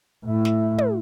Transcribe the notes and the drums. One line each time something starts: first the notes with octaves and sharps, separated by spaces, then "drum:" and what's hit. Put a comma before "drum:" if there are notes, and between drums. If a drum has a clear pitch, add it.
A2 E4
drum: snare
drum: tom